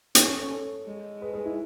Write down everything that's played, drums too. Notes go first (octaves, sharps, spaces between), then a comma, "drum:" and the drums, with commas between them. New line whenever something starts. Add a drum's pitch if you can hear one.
C#4 A4 C#5, drum: hi-hat
A4 C#5
A4 C#5
A4 C#5
G#3
G#4 B4
G#4 B4
E4 G#4